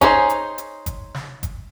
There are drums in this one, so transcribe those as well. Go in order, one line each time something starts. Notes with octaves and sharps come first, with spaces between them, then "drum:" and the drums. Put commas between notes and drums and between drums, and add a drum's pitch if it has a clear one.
C#4 D#4 G#4 A4 C5, drum: kick G1, hi-hat
drum: hi-hat
drum: hi-hat
drum: kick G1, hi-hat
drum: snare
drum: kick G1, hi-hat